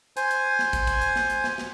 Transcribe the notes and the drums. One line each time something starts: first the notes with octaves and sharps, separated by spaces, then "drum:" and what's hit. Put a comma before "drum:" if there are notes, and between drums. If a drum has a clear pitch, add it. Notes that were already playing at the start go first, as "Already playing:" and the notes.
C5 G#5, drum: hi-hat
drum: hi-hat
drum: snare
drum: kick, hi-hat
drum: kick, hi-hat
drum: hi-hat
drum: snare
drum: hi-hat
drum: snare
drum: snare